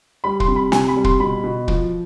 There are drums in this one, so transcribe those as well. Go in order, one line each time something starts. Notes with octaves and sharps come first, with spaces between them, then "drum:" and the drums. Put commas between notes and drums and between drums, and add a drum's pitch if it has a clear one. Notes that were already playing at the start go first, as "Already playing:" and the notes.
G3 B5
C6, drum: kick
C3
B5
C3 G#5, drum: snare
B5
G3
C6, drum: kick
B2 B5
B2
F3, drum: kick